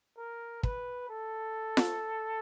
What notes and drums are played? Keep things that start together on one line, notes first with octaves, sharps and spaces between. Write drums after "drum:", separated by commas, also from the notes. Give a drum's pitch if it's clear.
A#4
B4, drum: kick
A4
drum: snare F4